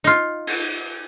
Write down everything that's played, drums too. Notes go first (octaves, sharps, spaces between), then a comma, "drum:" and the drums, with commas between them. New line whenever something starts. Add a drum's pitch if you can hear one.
D#4 F4
drum: cymbal